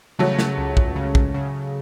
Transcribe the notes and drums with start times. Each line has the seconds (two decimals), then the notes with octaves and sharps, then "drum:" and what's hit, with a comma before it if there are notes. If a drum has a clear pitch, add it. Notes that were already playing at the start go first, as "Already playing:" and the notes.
0.19 C#3 F#3 A3
0.39 drum: snare
0.58 C#2
0.77 drum: kick
0.96 C#3
1.15 drum: kick
1.34 C#3